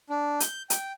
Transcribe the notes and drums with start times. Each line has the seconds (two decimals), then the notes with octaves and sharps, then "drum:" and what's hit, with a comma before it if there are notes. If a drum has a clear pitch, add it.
0.10 D4
0.40 G6, drum: hi-hat
0.70 G5, drum: hi-hat